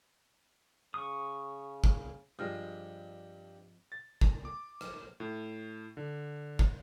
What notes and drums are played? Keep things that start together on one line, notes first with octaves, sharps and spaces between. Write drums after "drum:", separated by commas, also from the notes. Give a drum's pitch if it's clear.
C#3 C#6 D#6
drum: kick
G2 F3 G#3 C4
A6
drum: kick
D6
drum: rim click
A2
D3
drum: kick